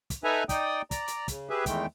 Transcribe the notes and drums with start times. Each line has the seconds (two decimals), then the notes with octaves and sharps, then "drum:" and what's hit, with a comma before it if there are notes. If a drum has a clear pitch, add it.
0.10 drum: kick, hi-hat
0.24 D#4 A4 B4 E5 G#5 A#5
0.49 D#4 D5 G5 D#6, drum: kick, hi-hat
0.91 D5 A#5, drum: kick, hi-hat
1.08 drum: hi-hat
1.28 C#3, drum: kick, hi-hat
1.50 G4 G#4 B4 E5
1.66 E2 D#3 E3 G#3 A3 G5, drum: kick, hi-hat